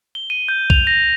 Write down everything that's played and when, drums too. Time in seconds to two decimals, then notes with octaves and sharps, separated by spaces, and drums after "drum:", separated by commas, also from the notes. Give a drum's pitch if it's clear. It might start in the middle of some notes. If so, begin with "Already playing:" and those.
0.15 G7
0.30 D#7
0.48 G6
0.70 F7, drum: kick B1
0.87 A#6